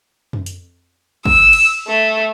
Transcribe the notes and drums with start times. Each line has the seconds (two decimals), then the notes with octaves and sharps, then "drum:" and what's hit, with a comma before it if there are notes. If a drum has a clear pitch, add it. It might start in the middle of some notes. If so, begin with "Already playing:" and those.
0.33 drum: tom F2
0.46 drum: hi-hat
1.25 E6, drum: kick
1.53 drum: cymbal
1.87 A3